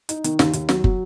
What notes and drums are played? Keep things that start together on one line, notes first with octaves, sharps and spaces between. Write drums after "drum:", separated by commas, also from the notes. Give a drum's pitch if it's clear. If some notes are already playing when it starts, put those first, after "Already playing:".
D#4, drum: hi-hat
D#3, drum: hi-hat
D#2, drum: snare
D#2, drum: hi-hat
F#3, drum: snare
F#3, drum: kick